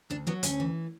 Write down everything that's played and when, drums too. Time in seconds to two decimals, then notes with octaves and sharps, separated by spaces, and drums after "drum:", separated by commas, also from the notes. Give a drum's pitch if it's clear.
0.10 D2 D4
0.27 F#3 B3
0.43 D2 C#4, drum: hi-hat
0.60 E3